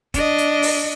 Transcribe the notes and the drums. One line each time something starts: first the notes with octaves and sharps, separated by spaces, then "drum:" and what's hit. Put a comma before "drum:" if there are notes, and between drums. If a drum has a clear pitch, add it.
D4 D#5, drum: kick F1, hi-hat
drum: hi-hat
drum: open hi-hat